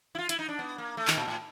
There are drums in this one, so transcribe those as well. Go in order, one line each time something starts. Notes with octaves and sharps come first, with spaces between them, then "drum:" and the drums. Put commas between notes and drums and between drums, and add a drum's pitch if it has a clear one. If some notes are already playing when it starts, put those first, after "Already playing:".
E4
F4
E4, drum: hi-hat
D#4
D4
B3
A#3
A3
D#3, drum: clap
A#2
A2